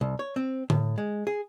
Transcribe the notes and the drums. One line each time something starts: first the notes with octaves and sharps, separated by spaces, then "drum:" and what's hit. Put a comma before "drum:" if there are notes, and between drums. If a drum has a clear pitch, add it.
C2
C#5
C4
A2, drum: tom D3
G#3
G#4